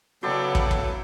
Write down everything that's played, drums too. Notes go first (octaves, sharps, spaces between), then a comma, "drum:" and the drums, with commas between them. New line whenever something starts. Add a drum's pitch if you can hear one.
C#3 F#3 B3 E4 F#4 A4 D5 G5
drum: kick
drum: kick